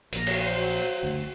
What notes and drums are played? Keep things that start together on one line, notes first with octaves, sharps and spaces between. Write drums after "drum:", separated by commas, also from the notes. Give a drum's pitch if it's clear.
A#1 A#3 A#5, drum: hi-hat
drum: cymbal
F#3 C5
drum: open hi-hat
F#1 D2